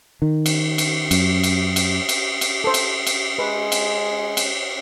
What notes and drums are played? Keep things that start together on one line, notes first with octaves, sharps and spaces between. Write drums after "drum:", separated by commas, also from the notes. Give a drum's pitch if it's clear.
D#3
drum: cymbal
drum: cymbal
F#2, drum: cymbal
drum: cymbal
drum: cymbal
drum: cymbal
drum: cymbal
A4 C5
drum: cymbal
drum: cymbal
G#3 B4
drum: cymbal
drum: cymbal